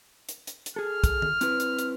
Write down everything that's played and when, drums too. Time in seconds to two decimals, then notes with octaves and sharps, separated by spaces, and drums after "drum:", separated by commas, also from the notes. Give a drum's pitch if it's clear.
0.29 drum: hi-hat
0.47 drum: hi-hat
0.66 drum: hi-hat
0.76 G#4 A4 F6
1.04 drum: kick, hi-hat
1.22 drum: tom D#3
1.41 C4 E4 B4, drum: hi-hat
1.60 drum: hi-hat
1.79 drum: hi-hat